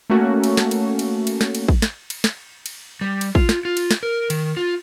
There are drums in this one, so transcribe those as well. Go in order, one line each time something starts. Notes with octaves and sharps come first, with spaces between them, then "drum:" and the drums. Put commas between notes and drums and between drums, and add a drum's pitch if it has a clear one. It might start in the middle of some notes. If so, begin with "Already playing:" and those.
A3 A#3 C#4 F#4
drum: cymbal
drum: snare
drum: cymbal
drum: cymbal
drum: cymbal
drum: snare
drum: cymbal
drum: kick
drum: snare
drum: cymbal
drum: snare
drum: cymbal
G3
drum: cymbal
F4, drum: kick
drum: snare
F4
drum: cymbal
drum: snare
A#4
D#3, drum: cymbal
F4